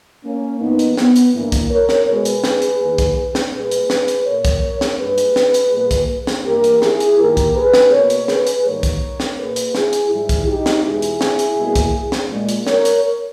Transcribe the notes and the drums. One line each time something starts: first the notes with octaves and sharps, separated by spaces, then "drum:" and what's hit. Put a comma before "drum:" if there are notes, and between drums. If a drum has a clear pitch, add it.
A#3 C#4
G2 E3 A#3 B3 D#4
drum: hi-hat
B3, drum: snare
drum: hi-hat
G2 E3 A#3
drum: kick, hi-hat
A#4 C#5
drum: snare
B2 G#3 G#4 B4
drum: hi-hat
drum: snare
drum: hi-hat
E2 D#3 A#3
drum: kick, hi-hat
drum: snare
A#2 G3 A#3 G#4 B4
drum: hi-hat
drum: snare
drum: hi-hat
A#2 A#3 A#4 C#5
drum: kick, hi-hat
drum: snare
G2 G3 A#3 G#4 B4
drum: hi-hat
drum: snare
drum: hi-hat
A#2 G3 A#3
drum: kick, hi-hat
drum: snare
G2 E3 A#3 G4 A#4
drum: hi-hat
E4 G#4, drum: snare
drum: hi-hat
G2 D#3 A#3 G4 A#4
drum: kick, hi-hat
G#4 B4
drum: snare
B2 A#3 A#4 C#5
drum: hi-hat
G#4 B4, drum: snare
drum: hi-hat
G#2 D#3 G3 A#3 A#4 C#5
drum: kick, hi-hat
drum: snare
A#2 A#3 G#4 B4
drum: hi-hat
E4 G#4, drum: snare
drum: hi-hat
G#2 E3 G3 E4 G#4
drum: kick, hi-hat
D#4 G4
drum: snare
E2 B2 G#3 E4 G#4
drum: hi-hat
drum: snare
drum: hi-hat
B2 G3 A#3
drum: kick, hi-hat
drum: snare
A#2 G#3
drum: hi-hat
A#4 C#5, drum: snare
drum: hi-hat